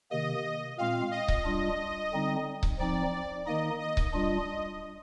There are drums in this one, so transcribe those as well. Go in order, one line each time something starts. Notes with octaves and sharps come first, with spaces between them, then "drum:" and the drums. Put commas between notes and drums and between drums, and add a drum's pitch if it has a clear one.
C3 D#3 A#3 D#5
A#2 G#3 C4 F4 F5
D#5
drum: kick C#1
G3 D4 F4
D3 G3 C4 D#4
drum: kick C#1
F3 C4 D#4 D5
D#3 A#3 D#4 D#5
D#5
drum: kick C#1
G3 D4 F4 D#5